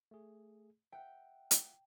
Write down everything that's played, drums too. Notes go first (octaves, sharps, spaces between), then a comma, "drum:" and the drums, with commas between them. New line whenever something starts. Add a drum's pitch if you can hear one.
A3 G#4
E5 F#5 G5
drum: hi-hat